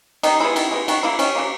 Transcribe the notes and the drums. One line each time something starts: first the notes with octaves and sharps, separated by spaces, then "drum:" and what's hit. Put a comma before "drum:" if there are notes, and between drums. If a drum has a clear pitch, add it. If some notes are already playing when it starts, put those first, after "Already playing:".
D#3 D#4, drum: cymbal
G#3 B3 E4
D#3, drum: cymbal
G#3 B3
D#3 F#4, drum: cymbal
F#3 A#3 E4
D#3 C#4, drum: cymbal
F#3 A#3